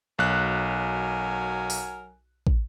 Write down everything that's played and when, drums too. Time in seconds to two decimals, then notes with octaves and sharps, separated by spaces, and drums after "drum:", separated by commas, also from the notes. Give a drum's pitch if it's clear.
0.19 B1 F#3 A#4 G#5 F#6
1.70 drum: open hi-hat
2.47 drum: kick